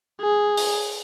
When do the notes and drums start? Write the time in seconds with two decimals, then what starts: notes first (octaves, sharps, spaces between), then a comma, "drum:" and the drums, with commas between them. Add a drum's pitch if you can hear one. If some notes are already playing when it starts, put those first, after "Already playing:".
0.21 G#4
0.57 drum: open hi-hat